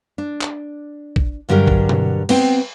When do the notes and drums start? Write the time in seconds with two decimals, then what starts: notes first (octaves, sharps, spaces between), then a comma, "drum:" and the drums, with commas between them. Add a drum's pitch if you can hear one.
0.18 D4
0.41 drum: clap
1.16 drum: kick A#1
1.49 G2 D3 F#3 G4 A#4
1.67 drum: kick A#1
1.89 drum: tom B2
2.29 B3 C4 G5, drum: cymbal